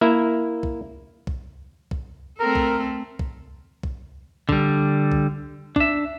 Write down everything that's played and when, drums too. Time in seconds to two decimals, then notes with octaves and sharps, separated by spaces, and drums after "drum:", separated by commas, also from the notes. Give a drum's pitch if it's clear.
0.01 A#3 E4 E5
0.63 drum: kick
1.27 drum: kick
1.91 drum: kick
2.39 A3 C4 A4 A#4
2.55 drum: kick
3.19 drum: kick
3.83 drum: kick
4.49 D3 G3, drum: kick
5.12 drum: kick
5.76 D4 E5, drum: kick